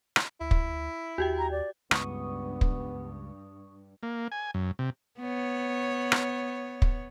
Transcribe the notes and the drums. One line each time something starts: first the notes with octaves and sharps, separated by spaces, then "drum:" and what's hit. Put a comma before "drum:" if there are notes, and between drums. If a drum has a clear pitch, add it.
drum: rim click
D2 E4
drum: kick
D#2 F#4 G4 G5
A#5
D5
C#2 G2 B3 C#6 D#6, drum: rim click
drum: kick
A#3
G#5
F#2
C3
B3 C#5
drum: rim click
drum: kick